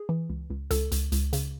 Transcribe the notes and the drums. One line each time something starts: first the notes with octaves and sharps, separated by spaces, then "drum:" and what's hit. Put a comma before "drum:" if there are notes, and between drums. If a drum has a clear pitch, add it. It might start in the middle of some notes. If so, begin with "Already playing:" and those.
Already playing: G#4
E3
C#2
C#2
C#2 A4, drum: hi-hat
C#2, drum: hi-hat
C#2, drum: hi-hat
C#3, drum: hi-hat